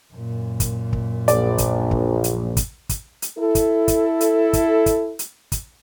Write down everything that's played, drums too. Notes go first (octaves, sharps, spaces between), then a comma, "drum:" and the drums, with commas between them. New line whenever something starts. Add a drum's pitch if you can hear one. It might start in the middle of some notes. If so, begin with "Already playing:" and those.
F#2 A#2
drum: kick, hi-hat
drum: kick
A#1 D5, drum: hi-hat
drum: kick, hi-hat
drum: kick
drum: hi-hat
drum: kick, hi-hat
drum: kick, hi-hat
drum: hi-hat
E4 A4
drum: kick, hi-hat
drum: kick, hi-hat
drum: hi-hat
drum: kick, hi-hat
drum: kick, hi-hat
drum: hi-hat
drum: kick, hi-hat